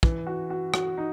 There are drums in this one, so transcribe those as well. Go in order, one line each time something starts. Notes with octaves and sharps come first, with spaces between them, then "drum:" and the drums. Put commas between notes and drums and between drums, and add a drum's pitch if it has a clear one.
E3, drum: kick
F#4
F#4
F#4, drum: rim click
D#4